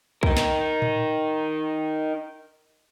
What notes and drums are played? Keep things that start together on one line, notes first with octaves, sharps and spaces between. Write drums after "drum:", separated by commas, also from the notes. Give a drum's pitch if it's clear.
D#4 A#4, drum: kick
drum: snare
drum: tom A2